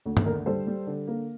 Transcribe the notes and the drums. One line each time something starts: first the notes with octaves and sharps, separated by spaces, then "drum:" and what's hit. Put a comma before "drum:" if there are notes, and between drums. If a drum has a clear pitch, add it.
D2
drum: tom
D3 A#4
G3 A4 C5
G3
D3
A#3